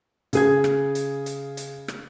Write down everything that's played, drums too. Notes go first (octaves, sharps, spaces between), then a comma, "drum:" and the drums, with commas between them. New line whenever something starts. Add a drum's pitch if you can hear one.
C#3 G#4 G#6, drum: hi-hat
drum: rim click
drum: hi-hat
drum: hi-hat
drum: hi-hat
drum: rim click